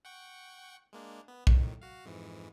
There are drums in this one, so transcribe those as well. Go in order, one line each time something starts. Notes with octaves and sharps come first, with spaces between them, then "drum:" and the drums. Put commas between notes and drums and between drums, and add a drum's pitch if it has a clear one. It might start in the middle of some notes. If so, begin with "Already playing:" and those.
F#5 G5 C#6
G#3 A#3 D4
B3
F2 A2 D#3, drum: kick B1
F#4 F5
F2 G#2 E3